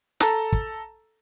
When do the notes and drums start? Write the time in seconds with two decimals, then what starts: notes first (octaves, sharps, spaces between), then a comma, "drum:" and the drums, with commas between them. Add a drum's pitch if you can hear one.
0.20 A4 A5 A#5, drum: snare
0.52 drum: kick